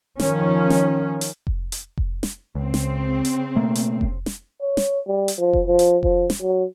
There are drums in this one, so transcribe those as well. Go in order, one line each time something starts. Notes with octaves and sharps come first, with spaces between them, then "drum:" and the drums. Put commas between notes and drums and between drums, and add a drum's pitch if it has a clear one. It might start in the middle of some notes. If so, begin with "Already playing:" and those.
D#3 F3 C#4, drum: snare
drum: snare
drum: hi-hat
drum: kick F1
drum: hi-hat
drum: kick F1
drum: snare
C#2 C#3 C4
drum: snare
drum: hi-hat
B2 A3 A#3
drum: hi-hat
drum: kick F1
drum: snare
C#5
drum: snare
G3
drum: hi-hat
F3
drum: kick F1
F3
drum: hi-hat
F3, drum: kick F1
drum: snare
F#3